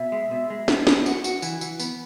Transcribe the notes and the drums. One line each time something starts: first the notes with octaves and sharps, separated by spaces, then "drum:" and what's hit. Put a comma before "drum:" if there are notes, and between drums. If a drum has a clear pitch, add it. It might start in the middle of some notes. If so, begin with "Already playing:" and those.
Already playing: B2 E5
G#3
B2
G#3
B3, drum: snare
B3, drum: snare
F#4, drum: tambourine
F#4, drum: tambourine
E3, drum: tambourine
E3, drum: tambourine
B3, drum: tambourine